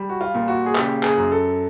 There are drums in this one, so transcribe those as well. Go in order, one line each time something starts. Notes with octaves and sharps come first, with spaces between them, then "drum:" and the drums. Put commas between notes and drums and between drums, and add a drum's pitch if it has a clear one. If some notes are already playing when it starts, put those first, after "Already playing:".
Already playing: G3
F#4
F4
A#2
F#4
G#4
C#3 G4, drum: clap
G#4, drum: clap
F#2
A4